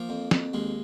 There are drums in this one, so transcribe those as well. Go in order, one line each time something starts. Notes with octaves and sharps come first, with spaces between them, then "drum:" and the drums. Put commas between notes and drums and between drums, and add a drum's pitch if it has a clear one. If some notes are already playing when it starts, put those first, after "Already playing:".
Already playing: F3 A#3
F2
F2, drum: snare
D#2 G#3